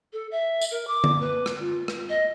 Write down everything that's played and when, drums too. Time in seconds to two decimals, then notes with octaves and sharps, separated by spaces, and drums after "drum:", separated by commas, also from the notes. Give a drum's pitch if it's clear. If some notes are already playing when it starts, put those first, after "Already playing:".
0.13 A4
0.31 E5
0.61 drum: tambourine
0.71 A#4
0.87 D6
1.04 drum: tom D3
1.21 B4
1.46 drum: rim click
1.59 F4
1.88 drum: rim click
2.09 D#5